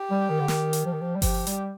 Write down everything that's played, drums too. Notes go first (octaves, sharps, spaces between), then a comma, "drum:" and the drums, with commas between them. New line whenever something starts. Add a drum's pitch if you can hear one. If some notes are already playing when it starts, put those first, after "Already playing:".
Already playing: G4
G3
D#3
D3
D#3, drum: snare
drum: hi-hat
F3
D#3
F3
G3
F3 G4, drum: kick G1, open hi-hat
G3, drum: hi-hat